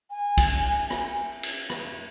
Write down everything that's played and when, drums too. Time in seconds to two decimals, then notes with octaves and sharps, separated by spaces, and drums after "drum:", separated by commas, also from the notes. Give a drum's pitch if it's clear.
0.11 G#5
0.38 drum: kick, cymbal
0.90 drum: rim click
1.43 drum: cymbal
1.70 drum: rim click